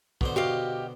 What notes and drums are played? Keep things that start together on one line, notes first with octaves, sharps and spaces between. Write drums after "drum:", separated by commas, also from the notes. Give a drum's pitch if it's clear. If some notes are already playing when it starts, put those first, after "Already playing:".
B2 D3 C5, drum: kick
F#4 G4 D#5 F5